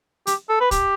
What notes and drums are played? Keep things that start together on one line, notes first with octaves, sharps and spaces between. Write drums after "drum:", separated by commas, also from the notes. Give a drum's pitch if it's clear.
G4, drum: hi-hat
A4
B4
G4, drum: kick, hi-hat